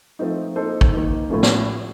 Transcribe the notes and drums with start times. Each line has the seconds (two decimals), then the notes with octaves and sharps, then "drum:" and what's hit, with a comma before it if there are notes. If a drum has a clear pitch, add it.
0.19 F3 A3 C4 D#4
0.56 A#3 D#4 A4 C5
0.81 drum: kick
0.93 D#3 A#3 D#4
1.29 A2 F3 A3 C#4
1.43 drum: snare